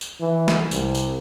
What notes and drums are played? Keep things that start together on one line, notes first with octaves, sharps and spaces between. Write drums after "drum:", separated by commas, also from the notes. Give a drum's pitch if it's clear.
drum: tambourine
E3
drum: snare
C2, drum: tambourine
drum: tambourine